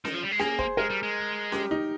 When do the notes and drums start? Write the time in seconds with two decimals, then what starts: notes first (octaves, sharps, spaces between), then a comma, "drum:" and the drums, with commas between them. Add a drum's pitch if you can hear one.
0.05 D#3, drum: snare C#4
0.14 F3
0.23 G3
0.31 G#3
0.39 A#3 G#4, drum: snare C#4
0.59 C5, drum: kick
0.77 G#3 A#4
0.90 G3
1.03 G#3
1.52 G4, drum: snare C#4
1.71 D#4